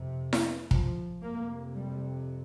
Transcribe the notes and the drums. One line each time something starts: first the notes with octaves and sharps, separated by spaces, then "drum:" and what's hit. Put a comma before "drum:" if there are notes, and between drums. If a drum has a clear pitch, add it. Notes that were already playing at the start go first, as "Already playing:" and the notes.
Already playing: F2 C3
drum: snare E4
F3, drum: kick
F2 C3 A#3
G3